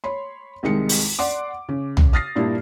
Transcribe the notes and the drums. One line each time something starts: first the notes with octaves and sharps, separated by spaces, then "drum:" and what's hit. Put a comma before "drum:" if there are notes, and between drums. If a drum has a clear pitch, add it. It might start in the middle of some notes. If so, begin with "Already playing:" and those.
C#5 B5 C6
C2 D#3 G#3 C#7
drum: open hi-hat
D5 F#5 C6 D6
C#3
drum: tom
D#6 F6 A6 A#6 C7
G2 A#2 D4 E4